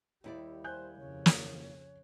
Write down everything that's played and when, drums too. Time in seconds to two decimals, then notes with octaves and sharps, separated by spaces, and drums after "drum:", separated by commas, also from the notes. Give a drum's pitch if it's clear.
0.24 D#2 G3 E4 D5
0.64 C5 G#5 F#6 G6
0.98 F2 C#3 C#5
1.26 drum: snare